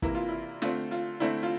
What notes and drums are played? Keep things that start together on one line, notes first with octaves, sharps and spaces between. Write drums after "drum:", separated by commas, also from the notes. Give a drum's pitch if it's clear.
C3 E3 A#3 E4, drum: kick, hi-hat
F4
E4
D3 A3 C4 F4, drum: snare
F4, drum: hi-hat
D3 A3 C4 E4, drum: hi-hat
F4